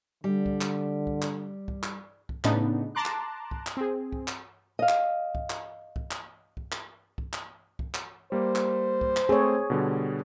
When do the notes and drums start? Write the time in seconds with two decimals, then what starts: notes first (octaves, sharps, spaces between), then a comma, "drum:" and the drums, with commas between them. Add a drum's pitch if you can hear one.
0.24 D3 G3
0.46 drum: kick
0.61 drum: clap
1.07 drum: kick
1.22 drum: clap
1.68 drum: kick
1.83 drum: clap
2.29 drum: kick
2.44 A2 C#3 B3 D4 D#4, drum: clap
2.95 A5 A#5 C6 D6 F#6
3.06 drum: clap
3.51 drum: kick
3.67 drum: clap
3.77 C4 G#4
4.12 drum: kick
4.28 drum: clap
4.79 D#5 F5
4.89 drum: clap
5.35 drum: kick
5.50 drum: clap
5.96 drum: kick
6.11 drum: clap
6.57 drum: kick
6.72 drum: clap
7.18 drum: kick
7.33 drum: clap
7.79 drum: kick
7.94 drum: clap
8.32 G3 A#3 C5
8.56 drum: clap
9.01 drum: kick
9.17 drum: clap
9.29 A3 C4 G#4 C#5
9.70 B2 D3 G3